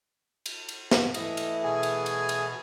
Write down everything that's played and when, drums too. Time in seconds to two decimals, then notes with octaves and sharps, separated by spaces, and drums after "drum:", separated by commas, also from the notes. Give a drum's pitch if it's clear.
0.46 drum: cymbal
0.69 drum: cymbal
0.91 drum: snare
1.14 E3 A3 E4 D#5, drum: cymbal
1.37 drum: cymbal
1.64 B2 G#4 G#5
1.83 drum: cymbal
2.06 drum: cymbal
2.29 drum: cymbal